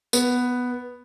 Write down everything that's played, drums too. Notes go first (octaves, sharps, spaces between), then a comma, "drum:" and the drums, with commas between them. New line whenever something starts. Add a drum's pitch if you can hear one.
B3, drum: tambourine